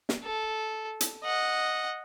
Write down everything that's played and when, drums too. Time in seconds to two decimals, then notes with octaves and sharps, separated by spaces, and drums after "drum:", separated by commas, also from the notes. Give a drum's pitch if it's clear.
0.09 drum: snare
0.23 A4
1.01 drum: hi-hat
1.24 D#5 F#5